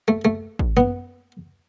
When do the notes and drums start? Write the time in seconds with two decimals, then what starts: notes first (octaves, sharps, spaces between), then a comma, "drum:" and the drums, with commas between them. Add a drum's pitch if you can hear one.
0.08 A3
0.25 A3
0.59 drum: kick
0.77 B3, drum: tom F#2